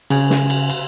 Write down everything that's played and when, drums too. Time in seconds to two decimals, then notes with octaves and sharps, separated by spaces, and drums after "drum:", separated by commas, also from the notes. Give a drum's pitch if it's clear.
0.10 C#3 G#5, drum: cymbal
0.30 drum: snare
0.50 drum: cymbal
0.70 drum: cymbal